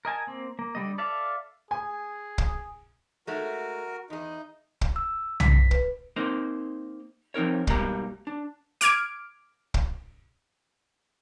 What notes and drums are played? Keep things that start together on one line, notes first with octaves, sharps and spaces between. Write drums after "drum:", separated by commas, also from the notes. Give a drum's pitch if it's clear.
A#4 D#5 G#5 A5
A#3 C4
A#3
D3 G3 D#5
A4 D5 E5 F5 A5
G#4 G#5
drum: kick
G#3 A3 D#4 F#4 A#4
E2 D#4 G#4
drum: kick
E6
B6, drum: tom
B4, drum: kick
A#3 C4 D#4 A#4 C5
F3 C4 D#4 A#4 C#5
G#2 B2 G3 A#3 A#5, drum: kick
D4
D6 F6 G#6 D7, drum: hi-hat
drum: kick